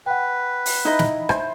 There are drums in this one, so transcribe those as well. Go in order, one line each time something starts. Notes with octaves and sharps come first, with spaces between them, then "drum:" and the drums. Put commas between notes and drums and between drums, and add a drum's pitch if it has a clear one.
B4 F#5 G5
drum: open hi-hat
D#4 E4 D#5
drum: snare
C5 E5, drum: rim click